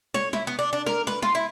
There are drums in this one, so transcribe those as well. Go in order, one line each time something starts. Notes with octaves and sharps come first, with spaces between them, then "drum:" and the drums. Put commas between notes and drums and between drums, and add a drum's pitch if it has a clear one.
C#5, drum: snare
E4, drum: snare
B3
D4
D4
A#4, drum: snare
B4, drum: snare
F4, drum: snare
E4